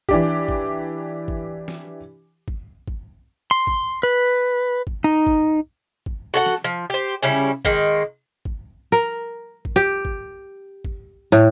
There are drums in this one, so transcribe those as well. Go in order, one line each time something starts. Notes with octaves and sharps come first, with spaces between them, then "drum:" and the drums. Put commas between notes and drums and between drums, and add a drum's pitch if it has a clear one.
E3 D4 G4, drum: kick
drum: kick
drum: kick
drum: snare
drum: kick
drum: kick
C6
drum: kick
B4
drum: kick
D#4
drum: kick
drum: kick
F#4 A4 F#5
drum: snare
F3
G4 C5
C#3 G3 C#4 E4
D#3 G#3 A#3, drum: kick
drum: kick
A#4
drum: kick
G4
drum: kick
drum: kick
A2